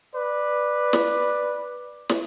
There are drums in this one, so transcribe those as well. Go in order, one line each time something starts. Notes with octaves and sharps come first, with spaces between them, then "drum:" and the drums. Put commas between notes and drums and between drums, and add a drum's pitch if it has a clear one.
B4 D5
drum: snare
drum: snare